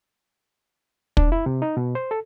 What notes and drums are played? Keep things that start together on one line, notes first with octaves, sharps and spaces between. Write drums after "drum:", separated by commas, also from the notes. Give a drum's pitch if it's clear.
D4, drum: kick
E4
C3
D#4
B2
C5
A4